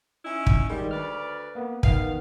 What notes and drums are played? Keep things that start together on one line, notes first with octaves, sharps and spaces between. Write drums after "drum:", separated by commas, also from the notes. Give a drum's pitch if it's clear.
C#4 D#4 E4
drum: kick
D#3 G3 G#3
D2 B4 D5 F6
A#3 B3
D#3 B3 F5, drum: kick